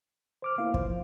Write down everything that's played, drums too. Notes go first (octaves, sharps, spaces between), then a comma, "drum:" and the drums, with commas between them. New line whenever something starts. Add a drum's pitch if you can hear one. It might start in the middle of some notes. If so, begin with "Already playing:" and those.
C5 D6 F6
A#3 B3 E4 F5
F3 C5, drum: kick